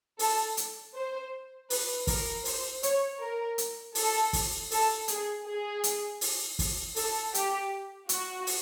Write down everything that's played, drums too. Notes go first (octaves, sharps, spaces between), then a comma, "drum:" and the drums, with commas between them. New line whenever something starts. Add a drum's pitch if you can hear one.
A4, drum: open hi-hat
drum: hi-hat
C5
B4, drum: open hi-hat
A#4, drum: kick, open hi-hat
C5, drum: open hi-hat
C#5, drum: hi-hat
A#4
drum: hi-hat
A4, drum: open hi-hat
drum: kick, open hi-hat
A4, drum: open hi-hat
G#4, drum: hi-hat
G#4
drum: hi-hat
drum: open hi-hat
drum: kick, open hi-hat
A4, drum: open hi-hat
G4, drum: hi-hat
F#4, drum: hi-hat
drum: open hi-hat